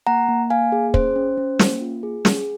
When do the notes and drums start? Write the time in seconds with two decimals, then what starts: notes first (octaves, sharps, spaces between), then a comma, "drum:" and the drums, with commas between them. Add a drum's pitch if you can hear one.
0.07 A#3 F#5 A#5
0.28 A#3
0.50 A#3 F5 G#5
0.72 G#4
0.94 C#4 C5, drum: kick
1.16 C#4
1.38 C#4
1.59 A#3, drum: snare
1.81 F4
2.03 G#4
2.25 G#4, drum: snare